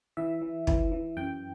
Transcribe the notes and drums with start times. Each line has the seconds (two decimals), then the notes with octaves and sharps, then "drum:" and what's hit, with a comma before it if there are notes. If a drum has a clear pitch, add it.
0.17 E3 E5
0.42 E3
0.67 E3, drum: kick
0.92 E3
1.17 F#2 G5